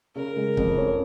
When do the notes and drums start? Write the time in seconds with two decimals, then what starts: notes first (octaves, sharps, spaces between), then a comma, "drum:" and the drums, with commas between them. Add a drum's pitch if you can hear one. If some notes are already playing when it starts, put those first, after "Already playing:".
0.15 C#3 A#4
0.36 G#3
0.57 F2, drum: kick C#1
0.78 C#4